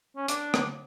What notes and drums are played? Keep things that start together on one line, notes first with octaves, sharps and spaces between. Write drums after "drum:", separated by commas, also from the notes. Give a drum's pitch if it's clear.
C#4
D4, drum: hi-hat
drum: rim click